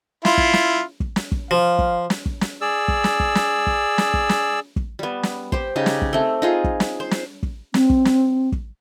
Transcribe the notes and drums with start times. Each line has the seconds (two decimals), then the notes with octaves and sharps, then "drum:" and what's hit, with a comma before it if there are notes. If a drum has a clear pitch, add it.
0.25 E4 F4, drum: snare
0.38 drum: kick
0.53 drum: snare
1.00 drum: kick
1.16 drum: snare
1.32 drum: kick
1.51 F3 F5
1.79 drum: kick
2.10 drum: snare
2.26 drum: kick
2.41 drum: snare
2.61 G#4 D5 E6
2.88 drum: kick
3.04 drum: snare
3.20 drum: kick
3.35 drum: snare
3.67 drum: kick
3.98 drum: snare
4.14 drum: kick
4.29 drum: snare
4.76 drum: kick
4.99 G3 B3
5.23 drum: snare
5.52 G4 C5, drum: kick
5.76 C#3 D#4 G4
5.86 drum: snare
6.02 drum: kick
6.13 A3 C4
6.42 D#4 F4 G#4
6.64 drum: kick
6.80 drum: snare
7.00 C5
7.11 drum: snare
7.43 drum: kick
7.74 C4, drum: snare
7.90 drum: kick
8.05 drum: snare
8.52 drum: kick